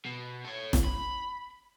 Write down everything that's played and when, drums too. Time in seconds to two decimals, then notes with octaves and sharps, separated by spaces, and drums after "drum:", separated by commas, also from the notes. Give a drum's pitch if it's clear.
0.05 B2
0.45 A4 C#5
0.73 drum: snare
0.84 B5